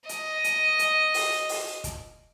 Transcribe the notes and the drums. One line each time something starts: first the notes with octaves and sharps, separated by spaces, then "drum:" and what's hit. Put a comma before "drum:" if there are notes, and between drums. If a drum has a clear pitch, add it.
D#5, drum: hi-hat
drum: hi-hat
drum: hi-hat
drum: open hi-hat
drum: open hi-hat
drum: kick, hi-hat